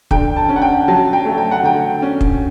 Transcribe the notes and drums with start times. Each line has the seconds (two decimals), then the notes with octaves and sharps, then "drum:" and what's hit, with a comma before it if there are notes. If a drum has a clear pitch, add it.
0.11 D3 G5, drum: kick
0.37 A5
0.49 C#4
0.56 F#5
0.62 G5
0.88 F#3 A5
1.13 G5
1.25 A3
1.38 G5
1.51 F#5
1.63 D3 G5
2.02 C#4
2.21 drum: kick